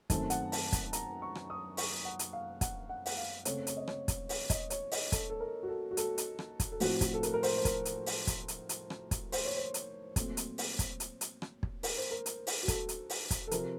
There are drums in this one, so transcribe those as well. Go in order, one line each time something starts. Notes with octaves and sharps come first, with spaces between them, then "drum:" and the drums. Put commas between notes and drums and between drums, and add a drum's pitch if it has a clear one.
F#2 D#3 A3 C4 A5, drum: kick, hi-hat
F#5, drum: hi-hat
A5, drum: open hi-hat
drum: kick, hi-hat
A#5, drum: hi-hat
C#6
drum: rim click
D#6
C#6, drum: open hi-hat
F#5
drum: hi-hat
F5
F#5, drum: kick, hi-hat
F#5
F#5, drum: open hi-hat
F5
C#3 A3 C4 C#5, drum: hi-hat
C#5, drum: hi-hat
D#5
C#5, drum: rim click
drum: kick, hi-hat
C#5, drum: open hi-hat
D#5, drum: kick, hi-hat
C#5, drum: hi-hat
D#5, drum: open hi-hat
A4, drum: kick, hi-hat
A4
A#4
F#4
A4
F#4
A4, drum: hi-hat
drum: hi-hat
drum: rim click
drum: kick, hi-hat
A4
A2 F3 C4 F#4, drum: open hi-hat
F#4, drum: kick, hi-hat
A4
A#4, drum: hi-hat
A#4
C5, drum: open hi-hat
C5
A#4, drum: kick, hi-hat
drum: hi-hat
drum: open hi-hat
drum: kick, hi-hat
drum: hi-hat
drum: hi-hat
drum: rim click
drum: kick, hi-hat
C5, drum: open hi-hat
C#5
C5
drum: hi-hat
A#2 F#3 A3 C4, drum: kick, hi-hat
drum: hi-hat
drum: open hi-hat
drum: kick, hi-hat
drum: hi-hat
drum: hi-hat
drum: rim click
drum: kick
A#4, drum: open hi-hat
C5
A#4
drum: hi-hat
drum: open hi-hat
F#4
A4, drum: kick, hi-hat
drum: hi-hat
drum: open hi-hat
drum: kick, hi-hat
A4
C3 F3 C4 A#4, drum: hi-hat